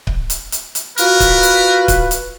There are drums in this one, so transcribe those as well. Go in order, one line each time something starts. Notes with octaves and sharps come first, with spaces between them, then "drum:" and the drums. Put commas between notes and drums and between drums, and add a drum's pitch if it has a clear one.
drum: kick C#1
drum: hi-hat
drum: hi-hat
drum: hi-hat
F4 F#4 A#4 B4, drum: hi-hat
drum: kick C#1, hi-hat
drum: hi-hat
drum: kick C#1, hi-hat
drum: hi-hat